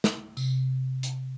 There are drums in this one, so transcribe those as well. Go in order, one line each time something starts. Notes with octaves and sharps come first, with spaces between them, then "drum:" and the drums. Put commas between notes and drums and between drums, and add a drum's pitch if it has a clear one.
drum: snare
C3, drum: tambourine
drum: hi-hat